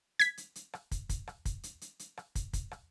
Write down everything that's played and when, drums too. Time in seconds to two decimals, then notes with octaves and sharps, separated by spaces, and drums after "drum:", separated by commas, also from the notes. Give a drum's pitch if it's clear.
0.19 G#6 B6, drum: hi-hat
0.37 drum: hi-hat
0.55 drum: hi-hat
0.73 drum: rim click
0.91 drum: kick, hi-hat
1.09 drum: kick, hi-hat
1.27 drum: rim click
1.45 drum: kick, hi-hat
1.63 drum: hi-hat
1.81 drum: hi-hat
1.99 drum: hi-hat
2.17 drum: rim click
2.35 drum: kick, hi-hat
2.53 drum: kick, hi-hat
2.71 drum: rim click